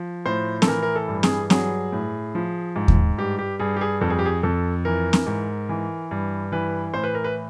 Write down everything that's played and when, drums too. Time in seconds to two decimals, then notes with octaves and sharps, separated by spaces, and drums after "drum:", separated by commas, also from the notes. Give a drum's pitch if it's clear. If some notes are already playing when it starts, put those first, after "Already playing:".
Already playing: F3
0.26 A2 C5
0.62 A4, drum: snare C4
0.68 E3 A#4
0.82 A#4
0.96 A4
1.08 G2
1.23 G#4, drum: snare C4
1.50 F#3 G#4, drum: snare C4
1.93 A2
2.35 F3
2.76 G#2
2.88 drum: kick D#2
3.17 G2 G4
3.38 G4
3.59 G2 G#4
3.76 G4
3.81 G#4
4.01 F2 A4
4.10 G#4
4.19 G4
4.26 G#4
4.43 F2 A4
4.85 E3 A#4
5.13 drum: snare C4
5.27 G#2
5.69 E3
6.11 G2
6.52 E3 B4
6.94 A2 C5
7.04 B4
7.15 A#4
7.24 B4